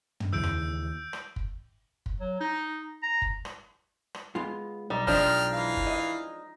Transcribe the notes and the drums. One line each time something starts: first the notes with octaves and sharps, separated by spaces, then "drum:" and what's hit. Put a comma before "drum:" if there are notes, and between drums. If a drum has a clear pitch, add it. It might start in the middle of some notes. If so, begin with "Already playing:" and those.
drum: tom
D#2 C#3 E3 E6 G6 D7
drum: rim click
drum: rim click
drum: kick
drum: kick
F#3
D#4
A#5
drum: kick
drum: rim click
drum: rim click
G#3 B3 F4
B1 G3 D#4
F3 G#3 D4 G5 F6, drum: kick
E3 F5
drum: kick
D#5